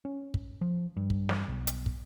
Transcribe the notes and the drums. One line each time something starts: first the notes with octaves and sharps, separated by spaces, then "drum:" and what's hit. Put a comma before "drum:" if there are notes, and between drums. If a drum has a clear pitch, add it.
C#4
drum: kick
F3
G2
drum: kick
drum: snare
B1
drum: hi-hat
drum: kick